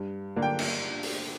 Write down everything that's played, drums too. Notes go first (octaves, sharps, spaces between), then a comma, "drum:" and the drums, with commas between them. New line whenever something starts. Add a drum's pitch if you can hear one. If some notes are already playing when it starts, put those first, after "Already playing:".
Already playing: G2
D3 A#3 D4
G5
drum: cymbal
drum: open hi-hat